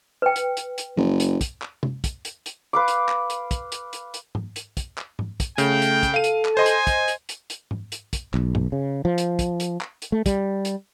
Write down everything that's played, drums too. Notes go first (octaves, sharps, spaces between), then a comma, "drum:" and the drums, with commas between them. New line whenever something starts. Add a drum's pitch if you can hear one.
B4 G5
drum: hi-hat
drum: hi-hat
drum: hi-hat
F#1, drum: tom
drum: hi-hat
drum: kick, hi-hat
drum: clap
drum: tom
drum: kick, hi-hat
drum: hi-hat
drum: hi-hat
B4 F5 D6
drum: hi-hat
drum: clap
drum: hi-hat
drum: kick, hi-hat
drum: hi-hat
drum: hi-hat
drum: hi-hat
drum: tom G#2
drum: hi-hat
drum: kick, hi-hat
drum: clap
drum: tom G#2
drum: kick, hi-hat
C#3 A3 G5, drum: hi-hat
drum: hi-hat
drum: kick, hi-hat
A4 F5 D#7
drum: hi-hat
drum: clap
C5 D#5 G#5 C6
drum: hi-hat
drum: kick, hi-hat
drum: hi-hat
drum: hi-hat
drum: hi-hat
drum: tom G#2
drum: hi-hat
drum: kick, hi-hat
B1, drum: clap
drum: tom G2
C#3
F3
drum: hi-hat
drum: kick, hi-hat
drum: hi-hat
drum: clap
drum: hi-hat
A3
G3, drum: kick, hi-hat
drum: hi-hat